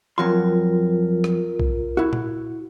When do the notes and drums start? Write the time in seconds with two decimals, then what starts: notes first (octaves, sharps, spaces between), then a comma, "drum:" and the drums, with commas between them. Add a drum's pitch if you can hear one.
0.18 F2 F#3 F4 A#4 C6
1.24 drum: rim click
1.60 drum: kick B1
1.97 E4 F#4
2.13 drum: tom A#2